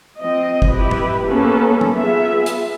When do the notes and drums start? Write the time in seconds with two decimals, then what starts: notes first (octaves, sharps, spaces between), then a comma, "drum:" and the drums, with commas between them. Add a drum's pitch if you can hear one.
0.19 F3 C4 D#5
0.62 drum: kick
0.72 E4 G4 B4
0.91 drum: tom
1.27 A#3 B3 C#4 A4 B4
1.81 drum: tom
1.96 B3 F4 G#4 E5
2.46 drum: hi-hat